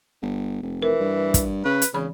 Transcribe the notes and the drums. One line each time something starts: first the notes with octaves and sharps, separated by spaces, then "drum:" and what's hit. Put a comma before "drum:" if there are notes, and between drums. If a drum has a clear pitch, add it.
G1
F1
E3 A#4
G2
drum: kick, hi-hat
C#3 B4
drum: hi-hat
G#1 C#3 E3 B5